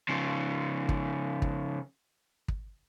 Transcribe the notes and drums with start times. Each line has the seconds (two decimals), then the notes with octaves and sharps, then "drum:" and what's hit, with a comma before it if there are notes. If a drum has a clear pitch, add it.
0.09 C#3 F3
0.89 drum: kick
1.42 drum: kick
2.48 drum: kick